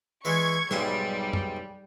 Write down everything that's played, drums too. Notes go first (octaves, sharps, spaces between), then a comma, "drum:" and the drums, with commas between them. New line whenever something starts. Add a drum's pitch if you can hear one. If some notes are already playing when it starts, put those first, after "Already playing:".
E3 G#3 D5 C#6 G#6
B1 G#2 G3 C6, drum: snare
drum: tom F2